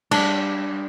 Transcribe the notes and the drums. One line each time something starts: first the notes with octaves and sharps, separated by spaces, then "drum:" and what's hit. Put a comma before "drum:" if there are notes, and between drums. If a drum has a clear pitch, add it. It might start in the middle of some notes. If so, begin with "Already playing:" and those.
G3 D4, drum: cymbal